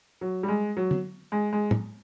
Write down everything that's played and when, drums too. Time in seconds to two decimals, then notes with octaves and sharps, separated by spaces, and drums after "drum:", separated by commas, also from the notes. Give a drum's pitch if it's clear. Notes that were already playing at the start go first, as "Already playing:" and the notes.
0.21 F#3
0.43 G3
0.48 G#3
0.77 F#3
0.91 drum: tom
1.32 G#3
1.53 G#3
1.71 drum: tom